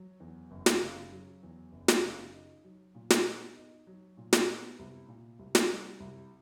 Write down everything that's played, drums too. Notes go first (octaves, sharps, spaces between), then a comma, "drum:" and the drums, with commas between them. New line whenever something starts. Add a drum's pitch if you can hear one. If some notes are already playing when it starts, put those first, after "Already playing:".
Already playing: F#3
E2
F#1
drum: snare
C#3
F#3
E2
F#1
drum: snare
C#3
D#4
F#3
A#2
drum: snare
B3
D#4
F#3
A#2
drum: snare
B3
C2
A#2
C2
drum: snare
G3
C2